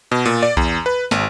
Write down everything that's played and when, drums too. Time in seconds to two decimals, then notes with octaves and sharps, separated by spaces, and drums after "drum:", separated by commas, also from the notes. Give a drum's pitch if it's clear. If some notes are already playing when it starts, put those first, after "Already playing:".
0.11 B2
0.25 A#2, drum: cymbal
0.43 D5
0.57 E2, drum: kick B1
0.86 B4
1.11 G#1, drum: snare